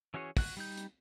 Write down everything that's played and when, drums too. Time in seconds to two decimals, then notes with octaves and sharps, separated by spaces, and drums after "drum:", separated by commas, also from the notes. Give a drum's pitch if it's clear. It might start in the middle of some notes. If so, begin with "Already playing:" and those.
0.14 E3 C#4 F#4 G#4 C#5
0.37 F#4 F#6, drum: kick, open hi-hat
0.57 G3 D#4 G6
0.77 drum: hi-hat